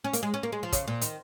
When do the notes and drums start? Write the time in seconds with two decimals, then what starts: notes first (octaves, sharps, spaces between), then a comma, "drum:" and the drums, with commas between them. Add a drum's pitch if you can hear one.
0.04 C#4
0.13 A#3, drum: hi-hat
0.23 G#3
0.34 C#4
0.43 A#3
0.52 G#3
0.63 F3
0.73 C#3, drum: kick, hi-hat
0.88 A#2
1.01 D#3, drum: hi-hat